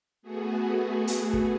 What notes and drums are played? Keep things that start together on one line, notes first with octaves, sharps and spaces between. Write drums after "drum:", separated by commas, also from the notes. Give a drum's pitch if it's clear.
A3 B3 F#4 G#4
drum: hi-hat
drum: kick